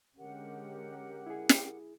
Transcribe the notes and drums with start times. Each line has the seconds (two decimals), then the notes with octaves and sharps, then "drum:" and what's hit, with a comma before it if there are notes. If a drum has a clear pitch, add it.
0.17 D3 G#3 C#4 G4 A#4 F#5
1.27 E4 G#4
1.49 drum: snare